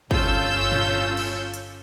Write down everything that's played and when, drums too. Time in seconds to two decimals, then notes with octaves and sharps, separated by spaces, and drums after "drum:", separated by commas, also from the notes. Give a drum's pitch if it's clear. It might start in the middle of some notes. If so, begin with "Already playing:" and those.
0.11 G1 C#4 F4 A4 E6 G6, drum: kick
0.72 drum: tom A2
1.17 drum: cymbal
1.54 drum: hi-hat